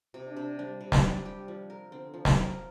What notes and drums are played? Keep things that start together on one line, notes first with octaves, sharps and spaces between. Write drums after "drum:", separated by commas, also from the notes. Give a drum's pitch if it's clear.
C3
D4
C3
G3 D4
C3
drum: snare
D4
G4
F3
A#4
D3 C4
F3
drum: snare
A#4